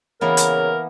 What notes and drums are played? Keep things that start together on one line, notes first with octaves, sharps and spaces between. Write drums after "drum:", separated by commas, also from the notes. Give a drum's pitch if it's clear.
C#3 E3 A#3 B3 A#4
drum: hi-hat